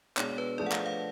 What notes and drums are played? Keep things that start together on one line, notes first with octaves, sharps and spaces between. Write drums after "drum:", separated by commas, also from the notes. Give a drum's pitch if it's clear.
B2 G#3 D4 C#5, drum: clap
B4
F3 A3 D4 G#4 C#5 D5
F#5
F5, drum: clap
F5